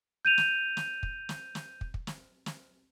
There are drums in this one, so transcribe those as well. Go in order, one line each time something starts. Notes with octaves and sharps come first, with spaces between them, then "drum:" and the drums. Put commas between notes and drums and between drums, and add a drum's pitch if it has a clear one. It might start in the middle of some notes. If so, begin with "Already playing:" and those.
G6 D#7 F7
drum: snare
drum: snare
drum: kick
drum: snare
drum: snare
drum: kick
drum: kick
drum: snare
drum: snare